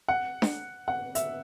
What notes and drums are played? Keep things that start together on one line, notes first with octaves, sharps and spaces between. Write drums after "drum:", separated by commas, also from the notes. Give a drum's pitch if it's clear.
F#5
drum: snare D4
F#5
E5, drum: hi-hat